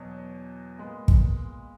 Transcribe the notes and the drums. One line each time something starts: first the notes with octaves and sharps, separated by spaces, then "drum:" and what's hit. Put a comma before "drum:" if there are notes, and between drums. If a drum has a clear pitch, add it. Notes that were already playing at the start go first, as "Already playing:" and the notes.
Already playing: E2 B2 F#3
A#2 G#3 B3
drum: kick